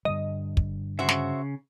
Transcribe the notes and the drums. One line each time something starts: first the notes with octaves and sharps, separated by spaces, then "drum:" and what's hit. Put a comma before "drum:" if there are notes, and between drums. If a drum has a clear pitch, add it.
G2 D3 G3 D#5
drum: kick
C#3 F#4 C5 E5
drum: snare